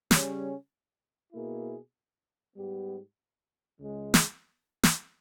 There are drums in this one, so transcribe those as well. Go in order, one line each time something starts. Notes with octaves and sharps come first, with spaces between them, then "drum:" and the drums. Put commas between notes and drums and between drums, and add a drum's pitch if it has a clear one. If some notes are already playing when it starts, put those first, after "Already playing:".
C#3 G3 C#4, drum: snare
B2 A#3 E4 G#4
G#2 G3 B3 G4
C#2 C#3 G#3
drum: snare
drum: snare